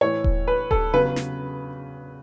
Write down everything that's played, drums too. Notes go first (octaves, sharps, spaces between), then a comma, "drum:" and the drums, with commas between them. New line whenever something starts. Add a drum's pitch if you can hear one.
A2 E3 C#5
drum: kick D#1
B4
A4, drum: kick D#1
E2 C#3 F#3 B4
drum: snare